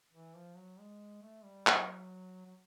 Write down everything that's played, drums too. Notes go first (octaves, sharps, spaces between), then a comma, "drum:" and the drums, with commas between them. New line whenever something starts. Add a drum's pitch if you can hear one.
E3
F3
F#3
G#3
A3
G3
F#3, drum: clap
F#3